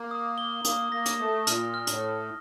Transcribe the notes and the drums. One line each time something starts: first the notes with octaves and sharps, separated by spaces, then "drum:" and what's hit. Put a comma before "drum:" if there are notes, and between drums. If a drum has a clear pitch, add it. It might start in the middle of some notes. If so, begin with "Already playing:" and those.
Already playing: A#3
D#6
G7
A#3 D#6, drum: hi-hat
A#3 A#6
drum: hi-hat
A3 D#6
A#2 F6, drum: hi-hat
F6
A2, drum: hi-hat
F6